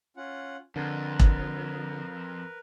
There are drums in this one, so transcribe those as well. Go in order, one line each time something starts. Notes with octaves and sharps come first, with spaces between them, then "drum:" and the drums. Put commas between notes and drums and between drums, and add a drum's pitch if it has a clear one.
C#4 F4 F#5
F2 D3 A#4 B4
drum: kick E1